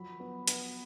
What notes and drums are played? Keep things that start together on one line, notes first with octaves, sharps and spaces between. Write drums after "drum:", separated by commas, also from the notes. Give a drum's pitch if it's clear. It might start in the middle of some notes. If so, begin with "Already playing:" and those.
Already playing: F3 F#3 B5
B3
B3, drum: hi-hat